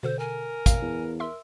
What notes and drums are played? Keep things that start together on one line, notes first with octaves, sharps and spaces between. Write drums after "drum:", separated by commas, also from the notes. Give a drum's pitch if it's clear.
B2 D3 A4 C5
A#4 G#5
F5, drum: kick, hi-hat
E2
A#4 E5 C6 E6